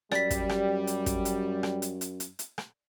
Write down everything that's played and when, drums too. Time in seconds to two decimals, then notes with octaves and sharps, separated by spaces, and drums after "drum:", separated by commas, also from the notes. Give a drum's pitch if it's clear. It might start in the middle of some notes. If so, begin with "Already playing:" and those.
0.12 F#2 G3 D5 B6, drum: rim click
0.31 drum: kick, hi-hat
0.49 drum: rim click
0.87 drum: hi-hat
1.06 drum: kick, hi-hat
1.25 drum: hi-hat
1.63 drum: rim click
1.82 drum: hi-hat
2.01 drum: hi-hat
2.20 drum: hi-hat
2.39 drum: hi-hat
2.58 drum: rim click